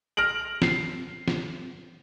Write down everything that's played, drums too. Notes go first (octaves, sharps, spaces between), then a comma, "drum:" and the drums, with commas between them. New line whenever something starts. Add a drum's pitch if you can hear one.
F6 A#6 D7 F#7
C7, drum: snare
drum: snare